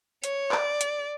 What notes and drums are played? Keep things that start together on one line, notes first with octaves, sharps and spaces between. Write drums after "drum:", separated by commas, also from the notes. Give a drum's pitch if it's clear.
C#5, drum: hi-hat
D5, drum: clap
drum: hi-hat